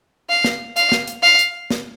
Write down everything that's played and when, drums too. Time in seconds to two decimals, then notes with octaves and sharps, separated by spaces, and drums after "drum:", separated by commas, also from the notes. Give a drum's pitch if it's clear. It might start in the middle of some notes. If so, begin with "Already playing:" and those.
0.29 F5
0.44 drum: snare
0.76 F5, drum: hi-hat
0.92 drum: snare
1.07 drum: hi-hat
1.23 F5
1.39 drum: hi-hat
1.70 drum: snare